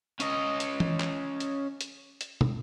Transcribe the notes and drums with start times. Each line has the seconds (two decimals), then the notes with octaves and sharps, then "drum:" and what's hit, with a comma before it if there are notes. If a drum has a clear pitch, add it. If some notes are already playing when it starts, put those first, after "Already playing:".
0.20 C#4 D#5, drum: hi-hat
0.60 drum: hi-hat
0.80 drum: tom E3
1.00 drum: clap
1.40 drum: hi-hat
1.81 drum: hi-hat
2.21 drum: hi-hat
2.41 drum: tom